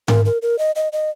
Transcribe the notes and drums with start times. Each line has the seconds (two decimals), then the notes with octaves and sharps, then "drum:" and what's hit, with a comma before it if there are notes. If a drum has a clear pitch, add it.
0.08 A#4, drum: tom G#2
0.25 A#4
0.42 A#4
0.59 D#5
0.76 D#5
0.93 D#5